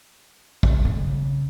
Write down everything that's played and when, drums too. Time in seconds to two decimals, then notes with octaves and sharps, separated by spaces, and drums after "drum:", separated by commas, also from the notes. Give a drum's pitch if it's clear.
0.63 drum: kick
0.85 C#3